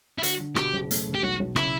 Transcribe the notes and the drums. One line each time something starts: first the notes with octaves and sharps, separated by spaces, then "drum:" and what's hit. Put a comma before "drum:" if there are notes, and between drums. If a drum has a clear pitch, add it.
E4
D3 F#4, drum: hi-hat
D3
B2 G4, drum: rim click
F#1
A3, drum: hi-hat
E1
G4
B1 F#4
B1
C#3 E4, drum: rim click